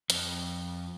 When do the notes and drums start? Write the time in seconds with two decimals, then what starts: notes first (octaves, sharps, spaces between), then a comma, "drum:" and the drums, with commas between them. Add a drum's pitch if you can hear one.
0.10 F2, drum: hi-hat